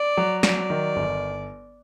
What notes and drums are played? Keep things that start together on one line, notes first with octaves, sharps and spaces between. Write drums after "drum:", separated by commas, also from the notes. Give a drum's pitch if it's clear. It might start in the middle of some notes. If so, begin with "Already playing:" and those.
Already playing: D5
F#3
F#3 D5, drum: snare
D#3
G1